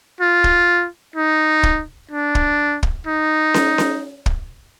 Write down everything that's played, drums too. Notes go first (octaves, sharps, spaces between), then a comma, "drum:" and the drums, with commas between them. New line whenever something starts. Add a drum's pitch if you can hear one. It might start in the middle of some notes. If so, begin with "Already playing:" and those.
F4
drum: kick
D#4
drum: kick
D4
drum: kick
drum: kick
D#4
drum: snare C#4
drum: snare C#4
drum: kick